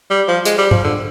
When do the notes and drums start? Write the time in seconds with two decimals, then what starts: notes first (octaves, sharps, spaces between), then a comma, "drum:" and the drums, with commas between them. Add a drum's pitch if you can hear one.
0.10 G3
0.28 F3
0.45 G#3, drum: hi-hat
0.58 G3
0.71 F3, drum: tom
0.84 D3